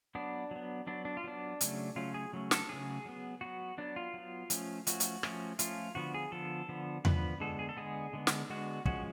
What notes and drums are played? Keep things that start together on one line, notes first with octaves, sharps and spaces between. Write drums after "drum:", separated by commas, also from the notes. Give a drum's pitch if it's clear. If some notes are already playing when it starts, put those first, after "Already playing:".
F#3 B3 D4
F#3 B3
F#3 B3 D4
D4
F4
F#3 B3 D4
C#3 F#3 A3 C#4, drum: hi-hat
C#3 F#3 A3 C#4 F4
G#4
C#3 F#3 A3 C#4
A4, drum: snare
C#3 F#3 A3 C#4 G#4
F#3 B3
F#3 B3 F#4
F#3 B3 D4
F4
F#3 B3
F3 A3 C#4, drum: hi-hat
F3 A3 C#4 F#4, drum: hi-hat
drum: hi-hat
F3 A3 C#4, drum: rim click
F3 A3 C#4 F4, drum: hi-hat
D3 F3 B3 F#4
G#4
D3 F3 B3 A4
D3 F3 B3
D3 F3 B3 B4, drum: tom E2
D3 G#3 B3 A4
G#4
A4
D3 G#3 B3 G#4
D3 G#3 B3
drum: snare
D3 G#3 B3 F#4
F3 G#3 C#4 F#4, drum: kick